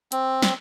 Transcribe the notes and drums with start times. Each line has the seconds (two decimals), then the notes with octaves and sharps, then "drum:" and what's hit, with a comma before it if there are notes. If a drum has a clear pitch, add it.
0.12 C4, drum: hi-hat
0.42 drum: snare